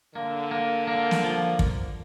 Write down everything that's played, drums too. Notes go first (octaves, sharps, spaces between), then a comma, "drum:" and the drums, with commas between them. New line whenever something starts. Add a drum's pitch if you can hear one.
D3 A#3
A#3
A#3
drum: snare
F3
drum: kick